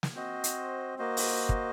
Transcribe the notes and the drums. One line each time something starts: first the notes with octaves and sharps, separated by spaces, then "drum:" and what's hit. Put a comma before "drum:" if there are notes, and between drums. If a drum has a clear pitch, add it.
drum: snare
C4 F#4 C5 D#5
drum: hi-hat
A#3 F#4 C5 D#5
drum: open hi-hat
drum: kick